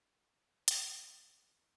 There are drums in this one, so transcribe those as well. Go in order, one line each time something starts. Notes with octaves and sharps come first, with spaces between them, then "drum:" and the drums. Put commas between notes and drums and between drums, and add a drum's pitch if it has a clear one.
C3 E3 C#5 F5
E5 G5
C#5 F5
C5 E5
A#2 F3 C5, drum: hi-hat
A#4 C#5
C5 E5
C3 E3 E5 G5
E5 G5